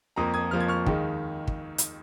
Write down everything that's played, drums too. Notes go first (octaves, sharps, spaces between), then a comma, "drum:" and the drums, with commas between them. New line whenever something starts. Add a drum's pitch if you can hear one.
F2 F3 A#3 A#5 D#6
D#6 G#6
F2 F3 A#3 F6
G#6
C#6 F6
D#2 D#3 G#3, drum: kick
drum: kick
drum: hi-hat